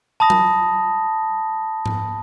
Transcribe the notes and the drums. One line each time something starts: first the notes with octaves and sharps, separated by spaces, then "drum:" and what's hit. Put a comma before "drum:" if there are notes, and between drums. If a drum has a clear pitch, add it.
A5 B5 D#6 A#6
drum: tom F#3
drum: tom G#2